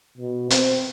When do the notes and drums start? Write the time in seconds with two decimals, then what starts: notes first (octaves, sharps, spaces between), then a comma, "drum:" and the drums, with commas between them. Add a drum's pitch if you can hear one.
0.18 B2
0.50 C4, drum: hi-hat